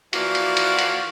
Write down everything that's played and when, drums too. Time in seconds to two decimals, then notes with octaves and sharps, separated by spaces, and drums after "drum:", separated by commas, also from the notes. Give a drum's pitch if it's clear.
0.13 E3 F3 A#3 F#4 D5 F5, drum: hi-hat
0.35 drum: hi-hat
0.57 drum: hi-hat
0.79 drum: hi-hat